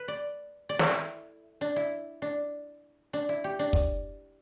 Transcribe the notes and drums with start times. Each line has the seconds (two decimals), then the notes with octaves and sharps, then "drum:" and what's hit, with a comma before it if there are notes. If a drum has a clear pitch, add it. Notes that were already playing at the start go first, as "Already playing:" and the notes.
Already playing: B4
0.08 D5
0.69 D5
0.79 A4, drum: snare
0.90 E4
1.61 D4
1.76 E4
2.22 D4
3.13 D4
3.29 E4
3.44 G4
3.59 D4
3.73 drum: kick